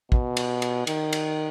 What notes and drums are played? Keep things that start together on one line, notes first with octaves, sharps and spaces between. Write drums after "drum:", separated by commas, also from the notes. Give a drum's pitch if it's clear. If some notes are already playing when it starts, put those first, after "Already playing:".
B2, drum: kick
drum: cymbal
drum: cymbal
D#3, drum: cymbal
drum: cymbal